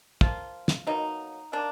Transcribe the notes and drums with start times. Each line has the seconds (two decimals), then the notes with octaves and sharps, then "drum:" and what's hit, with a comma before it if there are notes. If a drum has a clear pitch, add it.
0.21 F3 A#3 F4, drum: kick
0.68 drum: snare
0.87 B2 F#3 A#3 D#4
1.52 D#3 A#3 D4